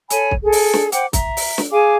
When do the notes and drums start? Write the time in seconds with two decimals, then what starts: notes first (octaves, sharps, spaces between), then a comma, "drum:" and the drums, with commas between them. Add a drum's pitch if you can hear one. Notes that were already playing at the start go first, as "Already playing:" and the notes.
0.10 A4 C#5 G#5 B5, drum: hi-hat
0.31 drum: kick
0.43 G#4 A4
0.52 drum: open hi-hat
0.74 drum: snare
0.92 C5 F#5 G5 D6, drum: hi-hat
1.13 E5 A#5, drum: kick, hi-hat
1.37 drum: open hi-hat
1.58 drum: snare
1.71 G#4 F5 G#5 D6